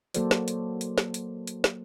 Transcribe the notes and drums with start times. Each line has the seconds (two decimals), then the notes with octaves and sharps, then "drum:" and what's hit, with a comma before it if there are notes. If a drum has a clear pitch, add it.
0.14 F#3 A#3 F#4 A4 C5 D5, drum: hi-hat
0.31 drum: snare
0.48 drum: hi-hat
0.81 drum: hi-hat
0.98 drum: snare
1.14 drum: hi-hat
1.47 drum: hi-hat
1.64 drum: snare